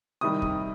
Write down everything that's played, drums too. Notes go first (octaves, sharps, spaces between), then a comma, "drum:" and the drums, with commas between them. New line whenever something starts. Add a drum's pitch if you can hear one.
C3 D#3 G3 D#6
drum: kick